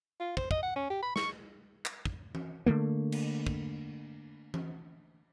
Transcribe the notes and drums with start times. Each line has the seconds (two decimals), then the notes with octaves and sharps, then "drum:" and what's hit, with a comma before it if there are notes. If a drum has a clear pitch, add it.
0.20 F4
0.37 C5, drum: kick
0.51 D#5, drum: kick
0.63 F#5
0.76 C#4
0.90 G4
1.03 B5
1.16 C#6, drum: snare
1.85 drum: clap
2.05 drum: kick
2.35 drum: tom E3
2.66 D3 D#3 A3 A#3
3.12 drum: cymbal
3.46 drum: kick
4.54 drum: tom E3